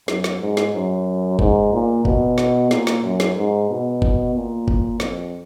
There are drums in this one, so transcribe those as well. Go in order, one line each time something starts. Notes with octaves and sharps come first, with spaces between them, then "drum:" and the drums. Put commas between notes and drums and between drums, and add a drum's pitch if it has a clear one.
F#2, drum: snare
drum: snare
G#2
drum: snare
F#2
G#2, drum: kick G1
A#2
B2, drum: kick G1
drum: snare
A#2, drum: snare
drum: snare
F#2
drum: snare
G#2
B2
drum: kick G1
A#2
drum: kick G1
F2, drum: snare